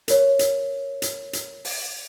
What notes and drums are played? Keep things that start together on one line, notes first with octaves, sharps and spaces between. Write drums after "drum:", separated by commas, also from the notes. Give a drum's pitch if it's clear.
A#4 C#5, drum: hi-hat
drum: hi-hat
drum: hi-hat
drum: hi-hat
drum: open hi-hat